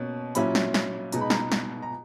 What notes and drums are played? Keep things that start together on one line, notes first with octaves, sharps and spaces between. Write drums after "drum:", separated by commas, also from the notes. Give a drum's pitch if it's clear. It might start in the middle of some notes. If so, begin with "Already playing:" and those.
Already playing: B2 A#3 C#4
A#2 F#3 C#4 E4 B5, drum: hi-hat
drum: snare
drum: snare
B2 G#3 D#4 A#5, drum: hi-hat
B5
A#5, drum: snare
drum: snare
A#5